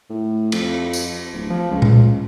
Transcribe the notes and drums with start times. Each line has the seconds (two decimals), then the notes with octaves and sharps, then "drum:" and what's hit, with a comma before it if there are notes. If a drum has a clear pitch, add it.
0.10 A2
0.52 F2, drum: cymbal
0.93 drum: tambourine
1.33 D1
1.50 F3
1.71 C#2
1.82 drum: tom A#2